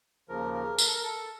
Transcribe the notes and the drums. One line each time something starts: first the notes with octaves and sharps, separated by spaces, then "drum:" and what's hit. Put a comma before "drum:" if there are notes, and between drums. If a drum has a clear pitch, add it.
D#2 C#3 F3 A#4
A#4
A#4, drum: tambourine
A4
A#4
A4